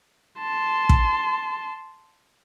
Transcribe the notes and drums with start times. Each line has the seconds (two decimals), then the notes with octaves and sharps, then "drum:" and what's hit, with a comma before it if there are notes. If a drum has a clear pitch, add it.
0.40 A5 C6
0.89 drum: kick